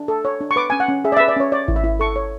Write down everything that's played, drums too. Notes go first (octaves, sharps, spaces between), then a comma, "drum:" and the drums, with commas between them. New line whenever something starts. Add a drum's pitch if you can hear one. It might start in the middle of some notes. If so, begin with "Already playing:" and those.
Already playing: D4
A4
C#5
D4
C#6
B4 D6
C#4 G#5
F#5
C#4
G#4 E5
D5
B4 E5
D5
C#4 C#5
C#5 D5
E4, drum: kick G#1
E5
E4
A4 C#6
C#5